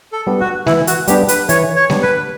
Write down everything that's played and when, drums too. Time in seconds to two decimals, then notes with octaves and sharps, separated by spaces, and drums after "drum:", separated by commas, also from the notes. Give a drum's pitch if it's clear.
0.13 A4
0.27 G3 B3 D4
0.40 F#4
0.67 E3 E4, drum: snare G#3
0.87 F#4, drum: hi-hat
1.08 G3 B3 D4 G4, drum: hi-hat
1.28 B4, drum: hi-hat
1.49 E3 C#5, drum: hi-hat
1.76 C#5
1.90 G3 B3 D4, drum: snare G#3
2.03 B4